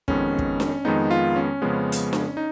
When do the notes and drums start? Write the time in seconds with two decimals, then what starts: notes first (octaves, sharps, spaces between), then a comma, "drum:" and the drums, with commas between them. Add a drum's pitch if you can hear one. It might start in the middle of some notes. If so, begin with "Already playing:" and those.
0.08 F2 D#3 G#3 B3 C#4, drum: kick
0.39 drum: kick
0.60 drum: snare D4
0.85 F2 D#3 G#3 B3 D#4
1.11 F4
1.36 C#4
1.62 F2 C#3 F3 G#3 B3
1.92 drum: hi-hat
2.13 drum: snare D4
2.37 D#4